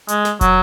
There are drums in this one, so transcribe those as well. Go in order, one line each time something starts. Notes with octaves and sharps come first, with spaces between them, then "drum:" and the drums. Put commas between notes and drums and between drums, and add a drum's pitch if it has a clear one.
G#3, drum: hi-hat
drum: snare
F#3, drum: kick, hi-hat